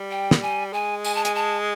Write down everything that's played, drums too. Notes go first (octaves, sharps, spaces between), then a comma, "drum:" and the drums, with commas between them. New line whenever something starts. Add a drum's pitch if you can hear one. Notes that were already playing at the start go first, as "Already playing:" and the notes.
Already playing: G3
G5
drum: snare
G#5
G#3 G#5
G#5, drum: tambourine
A5
G#5, drum: hi-hat
A5